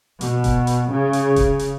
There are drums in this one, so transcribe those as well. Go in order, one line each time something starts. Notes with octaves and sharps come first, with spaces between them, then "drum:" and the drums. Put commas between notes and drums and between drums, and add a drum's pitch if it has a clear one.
B2, drum: hi-hat
drum: kick E1, hi-hat
drum: hi-hat
C#3
drum: hi-hat
drum: kick E1, hi-hat
drum: hi-hat